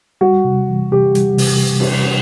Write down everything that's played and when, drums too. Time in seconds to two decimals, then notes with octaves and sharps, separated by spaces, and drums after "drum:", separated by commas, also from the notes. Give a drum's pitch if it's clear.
0.21 G3 F#4
0.45 C3
0.68 E3
0.92 C3 G4
1.15 G3, drum: hi-hat
1.38 C3, drum: open hi-hat
1.80 drum: cymbal